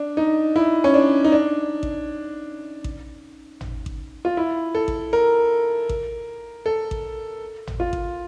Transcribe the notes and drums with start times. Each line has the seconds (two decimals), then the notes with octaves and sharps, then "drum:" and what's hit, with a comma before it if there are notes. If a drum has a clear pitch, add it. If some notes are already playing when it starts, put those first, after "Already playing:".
Already playing: D4
0.17 D#4
0.56 E4
0.84 C#4
0.94 D4
1.24 D#4
1.32 D4
1.83 drum: kick A1
2.84 drum: kick A1
3.61 drum: tom G#1
3.86 drum: kick A1
4.25 F4
4.37 E4
4.75 A4
4.88 drum: kick A1
5.13 A#4
5.89 drum: kick A1
6.66 A4
6.91 drum: kick A1
7.67 drum: tom G#1
7.80 F4
7.93 drum: kick A1